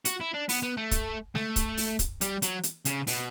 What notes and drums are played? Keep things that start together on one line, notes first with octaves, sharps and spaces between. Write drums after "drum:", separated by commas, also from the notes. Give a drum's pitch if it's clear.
F#4, drum: hi-hat
E4
D4
B3, drum: open hi-hat
B3
A3
drum: kick, hi-hat
A3, drum: snare
drum: kick, hi-hat
drum: open hi-hat
drum: kick, hi-hat
G3, drum: hi-hat
F#3, drum: hi-hat
drum: hi-hat
C#3, drum: hi-hat
B2, drum: open hi-hat